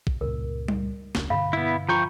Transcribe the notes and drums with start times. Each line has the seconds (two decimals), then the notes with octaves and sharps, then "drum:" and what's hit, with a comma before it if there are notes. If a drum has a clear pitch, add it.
0.07 drum: kick
0.21 C#2 G2 A#2 A#4
0.68 drum: tom G3
1.15 E1 C#2 D4, drum: snare
1.30 G2 B2 D3 F5 B5
1.53 B3 E4
1.89 F3 F4 G5 A#5 C#6